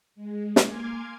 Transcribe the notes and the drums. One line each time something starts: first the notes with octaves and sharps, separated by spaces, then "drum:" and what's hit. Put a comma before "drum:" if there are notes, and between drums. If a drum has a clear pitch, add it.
G#3
drum: snare
A#3 G#5 C6 D6 F6 G#6